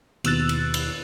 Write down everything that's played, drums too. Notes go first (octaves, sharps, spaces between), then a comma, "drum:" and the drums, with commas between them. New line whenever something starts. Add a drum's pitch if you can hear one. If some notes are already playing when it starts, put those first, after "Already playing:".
D#2 B2 E6 F#6 A6, drum: cymbal
drum: cymbal
drum: cymbal